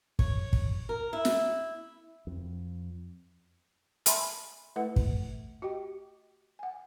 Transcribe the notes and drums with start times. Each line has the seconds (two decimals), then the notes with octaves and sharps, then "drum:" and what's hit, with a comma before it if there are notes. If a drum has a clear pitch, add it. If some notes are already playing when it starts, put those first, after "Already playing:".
0.19 C#5, drum: kick
0.53 drum: kick
0.89 A#4
1.13 E4
1.25 drum: snare
2.27 F2
4.06 E5 G#5 A5 B5 C6, drum: hi-hat
4.76 A3 E4 A4 B4 F#5
4.96 drum: kick
5.62 F#4 G4 D#5 G5
6.59 F#5 G#5